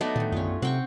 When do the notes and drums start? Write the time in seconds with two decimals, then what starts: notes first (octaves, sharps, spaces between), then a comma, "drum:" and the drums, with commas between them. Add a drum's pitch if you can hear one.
0.01 F#3 A3 B3 D#4 D5 D#5
0.16 D2 D#3, drum: tom A2
0.32 F#2 B3 C#4 F4
0.62 C3 C4 F#5 G5 C#6